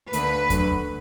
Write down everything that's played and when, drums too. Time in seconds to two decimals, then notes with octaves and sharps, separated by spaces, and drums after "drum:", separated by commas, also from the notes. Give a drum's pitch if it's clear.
0.13 D2 D3 A#3 B4, drum: hi-hat
0.50 D2 D3 F#3, drum: kick E2, hi-hat